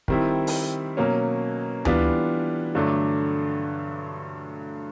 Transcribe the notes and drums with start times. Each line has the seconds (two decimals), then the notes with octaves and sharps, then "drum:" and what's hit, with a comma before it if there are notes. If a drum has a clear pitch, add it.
0.08 D#3 G3 C4 E4, drum: kick
0.47 drum: open hi-hat
0.97 B2 F#3 A#3 C#4
1.85 E3 G3 B3 D4 F4, drum: tom D2
2.75 G2 D3 F#3 A3 D4